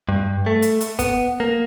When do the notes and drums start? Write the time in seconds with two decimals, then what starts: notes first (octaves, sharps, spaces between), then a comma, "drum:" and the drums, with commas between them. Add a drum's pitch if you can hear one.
0.09 G2
0.46 A3
0.62 drum: hi-hat
0.81 drum: hi-hat
0.99 B3, drum: kick, hi-hat
1.40 A#3